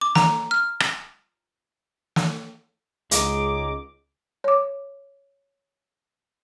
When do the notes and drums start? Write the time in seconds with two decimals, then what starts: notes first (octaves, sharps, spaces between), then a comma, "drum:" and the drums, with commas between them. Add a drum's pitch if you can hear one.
0.01 D6
0.15 A#5, drum: snare
0.51 F6
0.80 drum: rim click
2.16 drum: snare
3.11 C#2 G#3 D#4 D6, drum: hi-hat
4.44 C#5 D6